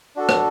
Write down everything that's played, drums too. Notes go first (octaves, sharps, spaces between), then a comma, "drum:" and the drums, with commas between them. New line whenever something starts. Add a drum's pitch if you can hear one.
D4 F#4 A4
drum: rim click